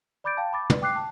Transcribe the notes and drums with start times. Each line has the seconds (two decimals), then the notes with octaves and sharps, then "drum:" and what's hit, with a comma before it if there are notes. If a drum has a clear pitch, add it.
0.24 D5 B5 D6 G6 A6 D7
0.37 F5 G5 A5
0.53 B5 D6 A6
0.70 B4 D5, drum: tom
0.82 G5 D6 F#6 C7
0.96 A5